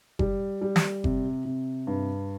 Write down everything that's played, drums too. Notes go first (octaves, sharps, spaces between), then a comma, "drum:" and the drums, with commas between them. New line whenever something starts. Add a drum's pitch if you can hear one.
G3, drum: kick F#1
G3
drum: snare
C3, drum: kick F#1
C3
G2